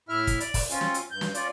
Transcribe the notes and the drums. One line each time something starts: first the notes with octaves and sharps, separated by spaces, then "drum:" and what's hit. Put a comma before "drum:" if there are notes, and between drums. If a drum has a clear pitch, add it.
A2 E4 E5 F6
drum: kick, hi-hat
D5, drum: hi-hat
drum: kick, open hi-hat
C4 C#4 F4, drum: hi-hat
drum: snare
drum: hi-hat
G2 G6
drum: snare
C#4 F4 D5, drum: hi-hat